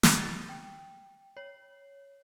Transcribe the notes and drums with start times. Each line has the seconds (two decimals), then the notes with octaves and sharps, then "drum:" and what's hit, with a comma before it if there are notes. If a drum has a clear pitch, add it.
0.03 A6, drum: snare
0.49 G5
1.37 C#5